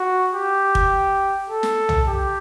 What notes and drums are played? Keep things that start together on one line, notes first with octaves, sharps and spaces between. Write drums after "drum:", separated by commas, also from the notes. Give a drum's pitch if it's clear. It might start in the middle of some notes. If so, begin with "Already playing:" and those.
Already playing: F#4
G4
drum: kick
A4
drum: snare
drum: tom
G4